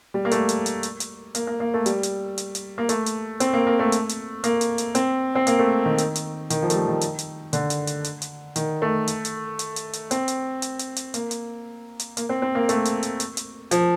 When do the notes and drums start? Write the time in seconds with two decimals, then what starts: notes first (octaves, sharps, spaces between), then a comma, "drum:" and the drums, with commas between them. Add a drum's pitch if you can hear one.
0.14 G3
0.25 A#3
0.31 A3, drum: hi-hat
0.49 drum: hi-hat
0.66 drum: hi-hat
0.83 drum: hi-hat
1.00 drum: hi-hat
1.35 A#3, drum: hi-hat
1.47 A#3
1.60 A#3
1.74 A3
1.86 G3, drum: hi-hat
2.03 drum: hi-hat
2.38 drum: hi-hat
2.55 drum: hi-hat
2.78 A#3
2.89 A3, drum: hi-hat
3.06 drum: hi-hat
3.40 C4, drum: hi-hat
3.53 A#3
3.67 A#3
3.79 A3
3.92 drum: hi-hat
4.09 drum: hi-hat
4.44 A#3, drum: hi-hat
4.61 drum: hi-hat
4.78 drum: hi-hat
4.95 C4, drum: hi-hat
5.35 C4
5.47 A#3, drum: hi-hat
5.59 A3
5.85 D#3
5.98 drum: hi-hat
6.15 drum: hi-hat
6.50 D#3, drum: hi-hat
6.63 F3
6.70 A3, drum: hi-hat
6.75 G3
6.88 D#3
7.01 drum: hi-hat
7.19 drum: hi-hat
7.53 D3, drum: hi-hat
7.70 drum: hi-hat
7.87 drum: hi-hat
8.04 drum: hi-hat
8.22 drum: hi-hat
8.56 D#3, drum: hi-hat
8.82 A3
9.08 drum: hi-hat
9.25 drum: hi-hat
9.59 drum: hi-hat
9.76 drum: hi-hat
9.93 drum: hi-hat
10.11 C4, drum: hi-hat
10.28 drum: hi-hat
10.62 drum: hi-hat
10.79 drum: hi-hat
10.96 drum: hi-hat
11.14 A#3, drum: hi-hat
11.31 drum: hi-hat
12.00 drum: hi-hat
12.17 A#3, drum: hi-hat
12.29 C4
12.42 C4
12.55 A#3
12.69 A3, drum: hi-hat
12.85 drum: hi-hat
13.03 drum: hi-hat
13.20 drum: hi-hat
13.37 drum: hi-hat
13.71 F3, drum: hi-hat